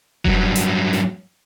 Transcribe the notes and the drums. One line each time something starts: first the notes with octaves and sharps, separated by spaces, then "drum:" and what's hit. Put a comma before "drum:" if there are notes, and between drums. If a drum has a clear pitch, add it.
G2 F#3, drum: kick F1
drum: hi-hat
drum: snare